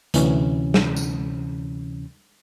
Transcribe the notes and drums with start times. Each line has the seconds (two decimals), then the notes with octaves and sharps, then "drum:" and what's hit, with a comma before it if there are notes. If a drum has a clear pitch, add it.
0.14 D2 C3 E3 C#4, drum: hi-hat
0.74 drum: snare
0.96 drum: tambourine